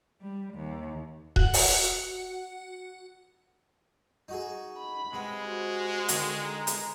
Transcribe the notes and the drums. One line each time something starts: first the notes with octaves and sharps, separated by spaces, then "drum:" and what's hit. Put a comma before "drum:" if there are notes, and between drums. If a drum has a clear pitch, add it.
G3
D#2
F#4 F#5, drum: kick D#1
drum: open hi-hat
D#4 F#4 G#4
B5
C3 G#3 B3
F#4 C5
D3 D#3 F5, drum: hi-hat
A#5
drum: hi-hat